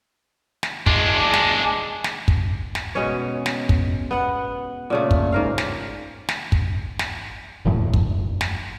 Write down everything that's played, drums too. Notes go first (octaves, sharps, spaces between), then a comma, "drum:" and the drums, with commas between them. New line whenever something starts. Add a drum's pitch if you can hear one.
drum: snare
G#3 D4, drum: kick
drum: snare
drum: snare
drum: kick
drum: snare
B2 G#3 C#4 C#5
drum: snare
drum: kick
B3 F#5
A#2 C#3 A3
drum: kick
G#2 A#4 F5
drum: snare
drum: snare
drum: kick
drum: snare
E1 F#2 A2 F3
drum: kick
drum: snare